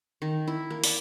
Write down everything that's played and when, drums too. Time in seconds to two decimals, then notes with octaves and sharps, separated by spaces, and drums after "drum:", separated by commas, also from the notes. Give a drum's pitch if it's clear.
0.22 D#3
0.47 E4
0.70 A#3
0.84 D5, drum: open hi-hat